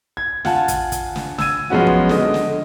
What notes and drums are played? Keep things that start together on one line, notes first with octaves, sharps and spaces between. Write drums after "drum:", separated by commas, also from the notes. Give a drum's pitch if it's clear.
G#6
F4 F#5 G#5 A5, drum: snare
drum: kick, hi-hat
drum: kick, hi-hat
drum: snare
E6 G#6 D#7, drum: snare
F3 F#3 G#3 B3 C#4 F#4
drum: kick
D3 D#5, drum: snare
drum: snare